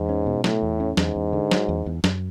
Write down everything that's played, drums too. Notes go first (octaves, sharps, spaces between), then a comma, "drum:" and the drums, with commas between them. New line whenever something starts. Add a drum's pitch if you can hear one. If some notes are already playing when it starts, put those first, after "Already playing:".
Already playing: E2 G#2
C#4
B2
A2 A3, drum: snare
E2
C#4
E2 G#2, drum: snare
E2
D3
F#3, drum: snare
E2
E2
F#2, drum: snare